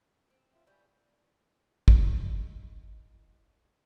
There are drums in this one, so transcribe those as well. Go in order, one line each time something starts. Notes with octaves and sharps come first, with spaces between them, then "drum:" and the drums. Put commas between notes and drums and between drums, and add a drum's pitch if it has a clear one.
C4
F4 E5
E3 G3 C#4 B5 G6
drum: kick
E4 D#5 C6